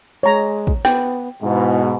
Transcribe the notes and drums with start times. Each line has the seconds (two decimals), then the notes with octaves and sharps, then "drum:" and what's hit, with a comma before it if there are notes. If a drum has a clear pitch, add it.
0.23 G#3 C#5 A#5
0.67 drum: kick
0.85 B3 G5, drum: snare
1.43 G#2 B2 E4